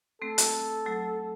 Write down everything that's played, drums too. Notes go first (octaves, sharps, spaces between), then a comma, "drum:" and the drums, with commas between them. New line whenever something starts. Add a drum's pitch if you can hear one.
A3 C4 A4
drum: hi-hat
F#3 A3